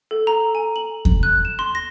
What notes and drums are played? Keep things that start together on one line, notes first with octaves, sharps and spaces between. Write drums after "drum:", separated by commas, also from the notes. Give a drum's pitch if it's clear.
A4
A#5
G#5
F#7
drum: kick E2
F#6
E7
C6
A#6